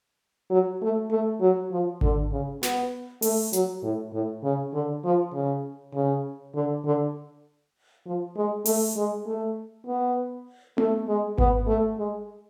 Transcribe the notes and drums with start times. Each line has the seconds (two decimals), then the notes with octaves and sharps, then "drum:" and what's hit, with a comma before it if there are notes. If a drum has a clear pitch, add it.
0.50 F#3
0.82 A3
1.11 A3
1.41 F#3
1.72 F3
2.01 D3, drum: kick G#1
2.32 C#3
2.63 B3, drum: snare
3.22 A3, drum: open hi-hat
3.53 F#3, drum: hi-hat
3.82 A2
4.12 A2
4.43 C#3
4.73 D3
5.04 F3
5.34 C#3
5.94 C#3
6.55 D3
6.85 D3
8.06 F3
8.36 G#3
8.66 A3, drum: open hi-hat
8.96 G#3
9.26 A3
9.87 B3
10.78 A3, drum: tom B3
11.08 G#3
11.38 B3, drum: kick G#1
11.68 A3
11.98 G#3